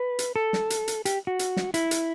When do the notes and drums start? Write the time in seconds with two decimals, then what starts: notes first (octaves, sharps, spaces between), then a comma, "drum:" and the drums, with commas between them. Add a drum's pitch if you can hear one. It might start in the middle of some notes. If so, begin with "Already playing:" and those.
Already playing: B4
0.19 drum: hi-hat
0.36 A4
0.53 drum: snare
0.70 drum: hi-hat
0.88 drum: hi-hat
1.05 G4, drum: hi-hat
1.27 F#4
1.39 drum: hi-hat
1.57 drum: snare
1.74 E4, drum: hi-hat
1.91 drum: hi-hat